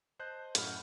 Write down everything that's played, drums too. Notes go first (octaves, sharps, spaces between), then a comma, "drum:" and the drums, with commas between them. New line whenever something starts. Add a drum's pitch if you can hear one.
C5 D#5 A5 F#6 G6
F#2 A2 D#5 F#5 B5 F6, drum: hi-hat